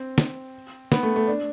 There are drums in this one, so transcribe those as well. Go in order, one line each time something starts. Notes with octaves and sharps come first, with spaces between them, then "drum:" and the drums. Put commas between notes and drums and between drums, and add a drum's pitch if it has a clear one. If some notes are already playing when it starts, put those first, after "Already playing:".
Already playing: C4
drum: snare
B3, drum: snare
A3
A3
D4